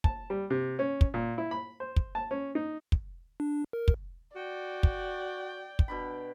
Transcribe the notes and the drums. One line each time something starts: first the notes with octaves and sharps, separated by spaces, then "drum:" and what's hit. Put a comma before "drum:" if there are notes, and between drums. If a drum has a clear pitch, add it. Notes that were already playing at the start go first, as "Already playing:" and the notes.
A5, drum: kick
G3
C3
C#4
drum: kick
A#2
E4
B5
C5
drum: kick
A5
C#4
D#4
drum: kick
D4
A#4
drum: kick
F#4 D5 G5
drum: kick
drum: kick
B2 D4 B5